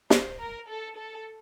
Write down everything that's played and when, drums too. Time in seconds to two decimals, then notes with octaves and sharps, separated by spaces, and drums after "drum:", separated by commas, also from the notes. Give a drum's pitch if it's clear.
0.10 C5, drum: snare
0.39 A#4
0.67 A4
0.97 A4